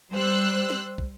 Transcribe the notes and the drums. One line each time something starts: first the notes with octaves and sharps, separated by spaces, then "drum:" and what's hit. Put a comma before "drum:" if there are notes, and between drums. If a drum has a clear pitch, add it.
G3 C5 E6 F#6
drum: snare
drum: kick